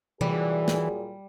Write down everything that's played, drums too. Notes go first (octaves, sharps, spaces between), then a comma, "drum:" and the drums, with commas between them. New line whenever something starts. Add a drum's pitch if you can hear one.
A#2 E3 F#3 G3 G#4, drum: tom C3
drum: snare